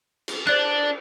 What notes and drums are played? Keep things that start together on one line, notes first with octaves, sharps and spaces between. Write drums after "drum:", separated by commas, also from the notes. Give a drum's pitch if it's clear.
drum: cymbal
D4 C5 D5 F#6